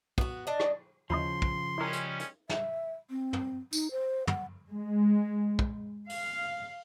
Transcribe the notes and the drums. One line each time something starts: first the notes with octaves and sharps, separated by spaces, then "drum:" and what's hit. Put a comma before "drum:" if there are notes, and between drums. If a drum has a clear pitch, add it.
B3 F#4, drum: kick
D4 D#5
drum: rim click
D#2 C#3 F3 E4 D#5 C6
drum: kick
G3 G#3 C#4 E4 A#4
drum: hi-hat
drum: hi-hat
E5, drum: snare
C4
drum: tom
D#4, drum: tambourine
C5
F#5, drum: tom
G#3
drum: kick
F5, drum: open hi-hat